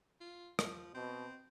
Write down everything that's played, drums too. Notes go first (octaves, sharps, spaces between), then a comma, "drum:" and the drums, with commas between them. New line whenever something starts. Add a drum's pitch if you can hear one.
F4
F3, drum: rim click
B2 C4